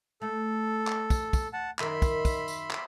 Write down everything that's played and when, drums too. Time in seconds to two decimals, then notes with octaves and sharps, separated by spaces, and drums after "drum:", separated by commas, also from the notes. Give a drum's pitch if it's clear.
0.22 A3 A4
0.87 drum: clap
1.10 drum: kick, tambourine
1.33 drum: kick, tambourine
1.53 F#5 A5
1.79 F#2 D#3 A#4 E5 B5 C6, drum: clap
2.02 drum: kick, tambourine
2.25 drum: kick, tambourine
2.48 drum: tambourine
2.71 drum: clap